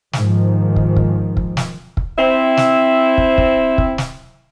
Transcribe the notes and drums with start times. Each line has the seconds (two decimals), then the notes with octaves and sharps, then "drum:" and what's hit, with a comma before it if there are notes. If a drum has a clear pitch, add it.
0.13 G#2 D#3 F3, drum: snare
0.76 drum: kick
0.97 drum: kick
1.37 drum: kick
1.57 drum: snare
1.97 drum: kick
2.17 C4 E4
2.57 drum: snare
3.18 drum: kick
3.38 drum: kick
3.78 drum: kick
3.98 drum: snare